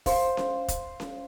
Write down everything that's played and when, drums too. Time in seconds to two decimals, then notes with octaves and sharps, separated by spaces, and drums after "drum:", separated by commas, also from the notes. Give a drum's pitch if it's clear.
0.06 C5 F5, drum: kick, open hi-hat
0.37 drum: snare C#4
0.68 drum: kick, hi-hat
1.00 drum: snare C#4